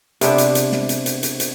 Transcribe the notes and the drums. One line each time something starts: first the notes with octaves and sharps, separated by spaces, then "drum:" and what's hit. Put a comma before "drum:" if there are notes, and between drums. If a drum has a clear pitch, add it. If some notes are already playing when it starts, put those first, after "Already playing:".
C3 B3 D4, drum: hi-hat
drum: hi-hat
drum: hi-hat
drum: snare
drum: hi-hat
drum: hi-hat
drum: hi-hat
drum: hi-hat